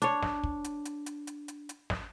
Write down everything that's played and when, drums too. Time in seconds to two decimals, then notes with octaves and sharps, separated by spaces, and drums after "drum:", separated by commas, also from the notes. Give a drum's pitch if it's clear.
0.02 D4 C#5, drum: hi-hat
0.23 drum: snare
0.44 drum: kick
0.64 drum: hi-hat
0.85 drum: hi-hat
1.06 drum: hi-hat
1.27 drum: hi-hat
1.48 drum: hi-hat
1.69 drum: hi-hat
1.90 drum: snare